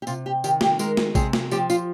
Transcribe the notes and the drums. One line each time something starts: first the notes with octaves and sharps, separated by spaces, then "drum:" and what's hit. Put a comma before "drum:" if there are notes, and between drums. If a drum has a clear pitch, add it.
G4
C3 F4, drum: tambourine
G4
D#3 G4, drum: tambourine
G4, drum: snare
G#3 A#4, drum: tambourine
drum: snare
C3 G#4, drum: kick A1, tambourine
drum: snare
F3 G4, drum: tambourine
F4, drum: tambourine